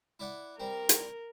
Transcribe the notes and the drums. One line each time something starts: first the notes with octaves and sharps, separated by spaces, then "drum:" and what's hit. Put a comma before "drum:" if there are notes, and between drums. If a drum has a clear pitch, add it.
E4 D5 F#5
G3 C4 A#4
drum: hi-hat